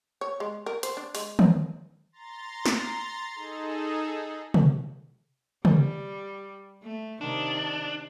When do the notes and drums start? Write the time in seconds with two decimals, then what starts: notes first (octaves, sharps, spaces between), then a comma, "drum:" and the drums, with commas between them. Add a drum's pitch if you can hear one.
0.21 C#5
0.40 G#3
0.66 A#4
0.83 C5, drum: hi-hat
0.97 D4
1.15 G#3, drum: open hi-hat
1.39 drum: tom
2.12 A#5 C6 A6
2.66 drum: snare
3.34 D#4 G#4 A4
4.54 drum: tom
5.65 G3, drum: tom
6.83 A3
7.21 C3 D#3 D4